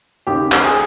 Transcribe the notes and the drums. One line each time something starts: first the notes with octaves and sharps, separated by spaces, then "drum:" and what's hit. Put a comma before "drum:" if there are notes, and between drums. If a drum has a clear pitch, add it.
D#2 C#3 G4
drum: clap
G#4